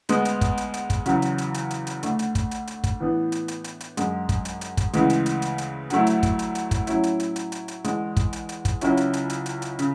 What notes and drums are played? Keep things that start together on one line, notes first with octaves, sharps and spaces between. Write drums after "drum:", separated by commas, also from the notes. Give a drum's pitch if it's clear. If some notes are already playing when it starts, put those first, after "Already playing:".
D2 D3 G#3 B3, drum: hi-hat
drum: hi-hat
drum: kick, hi-hat
drum: hi-hat
drum: hi-hat
drum: kick, hi-hat
E2 C#3 F#3, drum: hi-hat
drum: hi-hat
drum: hi-hat
drum: hi-hat
drum: hi-hat
drum: hi-hat
D2 D3 A3 D4, drum: hi-hat
drum: hi-hat
drum: kick, hi-hat
drum: hi-hat
drum: hi-hat
drum: kick, hi-hat
A2 E3 B3 D4
drum: hi-hat
drum: hi-hat
drum: hi-hat
drum: hi-hat
F#2 D3 G#3, drum: hi-hat
drum: kick, hi-hat
drum: hi-hat
drum: hi-hat
drum: kick, hi-hat
D2 C#3 E3 G#3, drum: hi-hat
drum: hi-hat
drum: hi-hat
drum: hi-hat
drum: hi-hat
D2 D3 F#3 A3 E4, drum: hi-hat
drum: hi-hat
drum: kick, hi-hat
drum: hi-hat
drum: hi-hat
drum: kick, hi-hat
A2 F#3 C#4 E4, drum: hi-hat
drum: hi-hat
drum: hi-hat
drum: hi-hat
drum: hi-hat
drum: hi-hat
E2 D3 G#3, drum: hi-hat
drum: kick, hi-hat
drum: hi-hat
drum: hi-hat
drum: kick, hi-hat
C#2 C#3 F#3 C#4 E4, drum: hi-hat
drum: hi-hat
drum: hi-hat
drum: hi-hat
drum: hi-hat
drum: hi-hat
C#3, drum: hi-hat